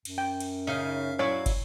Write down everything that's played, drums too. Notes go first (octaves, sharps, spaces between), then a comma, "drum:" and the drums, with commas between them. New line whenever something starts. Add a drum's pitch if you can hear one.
F#2, drum: cymbal
G5
drum: cymbal
C#3 D#4 E5 F5 F6
F#3 E4 C#5 D5 F5
drum: kick, cymbal